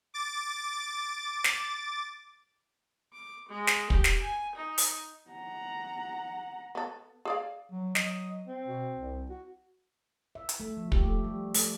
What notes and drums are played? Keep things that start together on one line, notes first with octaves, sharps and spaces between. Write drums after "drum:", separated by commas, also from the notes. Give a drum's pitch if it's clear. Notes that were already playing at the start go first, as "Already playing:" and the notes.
D6 A6
drum: snare
D6
G#3
drum: snare
G4, drum: kick
drum: snare
G#5
D#4
drum: open hi-hat
F#5 A#5
B3 A4
G#4 D5 F5
F#3
F#3 D#5, drum: snare
C4
B2
C2
F#4
E5
drum: hi-hat
A3
F3
G4, drum: kick
A3
G3
A3, drum: open hi-hat